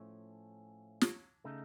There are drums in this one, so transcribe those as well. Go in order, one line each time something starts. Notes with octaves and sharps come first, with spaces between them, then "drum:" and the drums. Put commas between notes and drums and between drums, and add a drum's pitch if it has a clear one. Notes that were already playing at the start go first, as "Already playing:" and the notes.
Already playing: A2 F3 A3 C#4
drum: snare
C#3 A3 D#4